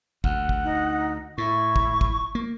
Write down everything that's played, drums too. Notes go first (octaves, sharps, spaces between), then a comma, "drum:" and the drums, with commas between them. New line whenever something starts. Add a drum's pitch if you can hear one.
D2 F#5, drum: kick
drum: kick
D#4
A2 E4 C#6
drum: kick
drum: kick
A#3